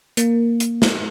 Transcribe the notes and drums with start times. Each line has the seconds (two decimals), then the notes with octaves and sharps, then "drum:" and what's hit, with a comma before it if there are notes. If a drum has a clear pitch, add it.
0.17 A#3, drum: hi-hat
0.60 drum: hi-hat
0.82 drum: snare